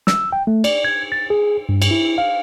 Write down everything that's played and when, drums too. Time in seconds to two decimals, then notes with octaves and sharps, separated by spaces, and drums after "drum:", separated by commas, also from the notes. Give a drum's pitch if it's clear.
0.07 E6, drum: snare
0.32 G5
0.47 A3
0.64 D5, drum: cymbal
0.85 G#6
1.12 A6
1.30 G#4
1.69 G2
1.82 drum: cymbal
1.91 E4
2.18 F5